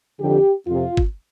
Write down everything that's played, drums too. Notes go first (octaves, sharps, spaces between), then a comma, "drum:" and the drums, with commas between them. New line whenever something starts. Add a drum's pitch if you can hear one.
F2 D3 G4
F2 C3 F4
drum: kick G1